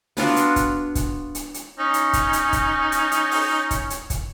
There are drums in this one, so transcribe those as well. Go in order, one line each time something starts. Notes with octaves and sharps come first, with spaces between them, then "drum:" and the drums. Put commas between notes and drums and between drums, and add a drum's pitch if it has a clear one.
B3 D4 F4 F#4, drum: open hi-hat
drum: hi-hat
drum: kick, hi-hat
drum: kick, hi-hat
drum: hi-hat
drum: hi-hat
C#4 D#4
drum: hi-hat
drum: kick, hi-hat
drum: hi-hat
drum: kick, hi-hat
drum: hi-hat
drum: hi-hat
drum: open hi-hat
drum: kick, hi-hat
drum: hi-hat
drum: kick, hi-hat